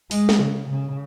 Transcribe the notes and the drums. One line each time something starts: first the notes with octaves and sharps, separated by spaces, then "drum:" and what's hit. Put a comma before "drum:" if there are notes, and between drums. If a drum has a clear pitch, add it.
G#3, drum: open hi-hat
drum: snare
C#3
C#3